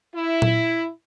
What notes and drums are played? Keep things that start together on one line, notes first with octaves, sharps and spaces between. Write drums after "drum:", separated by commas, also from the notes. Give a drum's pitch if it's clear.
E4
drum: tom A#2